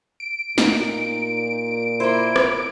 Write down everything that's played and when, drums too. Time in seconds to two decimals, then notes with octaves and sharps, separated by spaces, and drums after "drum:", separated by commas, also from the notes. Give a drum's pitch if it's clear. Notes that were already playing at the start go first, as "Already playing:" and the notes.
0.20 D7
0.58 A#2 D#4, drum: snare
2.00 A#3 E4 C5
2.36 drum: rim click